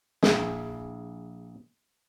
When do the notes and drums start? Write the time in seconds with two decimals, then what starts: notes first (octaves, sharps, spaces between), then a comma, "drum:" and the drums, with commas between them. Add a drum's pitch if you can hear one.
0.23 A#1 E4 G#4, drum: snare